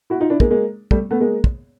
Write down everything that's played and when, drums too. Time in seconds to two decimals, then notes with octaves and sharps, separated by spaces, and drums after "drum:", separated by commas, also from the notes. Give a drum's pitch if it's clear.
0.10 E4 F#4
0.20 D#4 F4
0.30 D4 E4
0.40 G#3 A#3, drum: kick
0.51 G#3 A#3
0.91 G3 A3, drum: kick
1.11 A3 B3
1.21 G#3 A#3
1.44 drum: kick